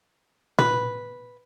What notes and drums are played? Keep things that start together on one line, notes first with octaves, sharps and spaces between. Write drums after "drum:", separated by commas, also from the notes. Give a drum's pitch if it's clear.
B4, drum: tom